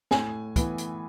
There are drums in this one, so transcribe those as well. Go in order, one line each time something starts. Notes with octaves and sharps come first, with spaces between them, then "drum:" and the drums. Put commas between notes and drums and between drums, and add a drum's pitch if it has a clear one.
A2 G#5, drum: snare
E3 B3, drum: kick, hi-hat
drum: hi-hat